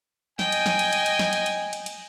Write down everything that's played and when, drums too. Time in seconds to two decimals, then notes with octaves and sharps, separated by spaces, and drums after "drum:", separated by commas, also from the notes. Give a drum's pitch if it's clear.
0.39 D#5 G5 G#5, drum: snare
0.52 drum: cymbal
0.66 drum: snare
0.79 drum: cymbal
0.93 drum: cymbal
1.06 drum: cymbal
1.19 drum: snare
1.33 drum: cymbal
1.46 drum: cymbal
1.73 drum: cymbal
1.86 drum: cymbal